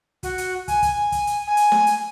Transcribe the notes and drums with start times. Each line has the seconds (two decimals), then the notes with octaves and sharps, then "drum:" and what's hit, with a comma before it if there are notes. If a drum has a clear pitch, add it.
0.23 F#4, drum: kick, hi-hat
0.38 drum: hi-hat
0.68 G#5, drum: kick, hi-hat
0.82 drum: kick, hi-hat
1.12 drum: kick, hi-hat
1.27 drum: hi-hat
1.47 G#5
1.57 drum: hi-hat
1.72 drum: snare
1.87 drum: hi-hat